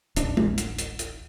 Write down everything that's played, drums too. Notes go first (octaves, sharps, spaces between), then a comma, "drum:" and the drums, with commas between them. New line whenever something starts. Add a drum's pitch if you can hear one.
D1 A1 D#2 D4, drum: hi-hat
drum: tom
drum: hi-hat
drum: hi-hat
drum: hi-hat